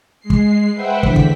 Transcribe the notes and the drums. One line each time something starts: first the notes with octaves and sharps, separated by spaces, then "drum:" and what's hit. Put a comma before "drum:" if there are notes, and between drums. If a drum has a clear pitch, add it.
G#3 C7
drum: kick
B4 C5 E5 F#5 G5
E2 D3 B6, drum: kick
drum: kick